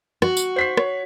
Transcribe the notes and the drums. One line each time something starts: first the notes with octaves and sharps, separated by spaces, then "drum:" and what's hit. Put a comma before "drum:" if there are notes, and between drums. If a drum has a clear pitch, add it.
F#4, drum: rim click
drum: tambourine
C5 B6 C7
C#5, drum: rim click